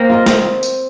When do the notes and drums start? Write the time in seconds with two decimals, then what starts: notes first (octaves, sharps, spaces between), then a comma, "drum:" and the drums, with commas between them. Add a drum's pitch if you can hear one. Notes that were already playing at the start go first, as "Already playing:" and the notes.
Already playing: A#3 C4
0.10 F4 A#4 D#5
0.26 C4, drum: snare
0.63 drum: tambourine